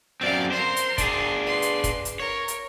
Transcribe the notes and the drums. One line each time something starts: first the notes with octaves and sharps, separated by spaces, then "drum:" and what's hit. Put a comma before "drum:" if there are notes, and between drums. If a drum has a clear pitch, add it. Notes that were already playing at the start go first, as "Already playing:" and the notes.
F#2 C4 D5 F5
A#4 C5 C6
drum: hi-hat
D4 G#4, drum: kick, hi-hat
B4 C6
drum: hi-hat
drum: kick, hi-hat
drum: hi-hat
A#4 C#5
drum: hi-hat